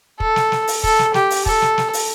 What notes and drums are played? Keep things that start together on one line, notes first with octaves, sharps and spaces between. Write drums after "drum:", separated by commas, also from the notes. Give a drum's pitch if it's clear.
A4, drum: kick
drum: snare
drum: snare
drum: open hi-hat
A4, drum: kick
drum: snare
G4, drum: snare
drum: open hi-hat
A4, drum: kick
drum: snare
drum: snare
drum: open hi-hat